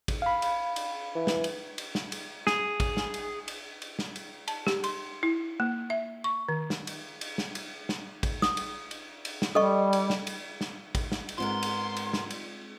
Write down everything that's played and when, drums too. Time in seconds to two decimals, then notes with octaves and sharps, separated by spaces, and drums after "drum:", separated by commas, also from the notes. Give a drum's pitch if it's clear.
0.08 drum: kick, cymbal
0.22 F5 B5
0.42 drum: cymbal
0.76 drum: cymbal
1.15 E3
1.27 drum: snare
1.44 drum: cymbal
1.78 drum: cymbal
1.95 drum: snare
2.12 drum: cymbal
2.47 G#4, drum: snare
2.80 drum: kick, cymbal
2.97 drum: snare
3.14 drum: cymbal
3.48 drum: cymbal
3.82 drum: cymbal
3.99 drum: snare
4.16 drum: cymbal
4.48 A5, drum: cymbal
4.67 G4, drum: snare
4.84 C6, drum: cymbal
5.23 E4
5.60 A#3
5.90 E5
6.24 C#6
6.49 D#3
6.70 drum: snare
6.87 drum: cymbal
7.21 drum: cymbal
7.38 drum: snare
7.55 drum: cymbal
7.89 drum: snare
8.23 drum: kick, cymbal
8.42 D#6, drum: snare
8.57 drum: cymbal
8.91 drum: cymbal
9.25 drum: cymbal
9.42 drum: snare
9.55 G3 A4 D#5 C#6
9.93 drum: cymbal
10.10 drum: snare
10.27 drum: cymbal
10.61 drum: snare
10.95 drum: kick, cymbal
11.12 drum: snare
11.29 drum: cymbal
11.38 G#2 G#3 B3 C4 F4 A#4 C6
11.63 drum: cymbal
11.97 drum: cymbal
12.13 drum: snare
12.30 drum: cymbal